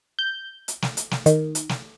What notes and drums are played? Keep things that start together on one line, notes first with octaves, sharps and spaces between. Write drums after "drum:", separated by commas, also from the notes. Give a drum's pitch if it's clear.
G6
drum: hi-hat
drum: snare
drum: hi-hat
drum: snare
D#3, drum: hi-hat
drum: hi-hat
drum: snare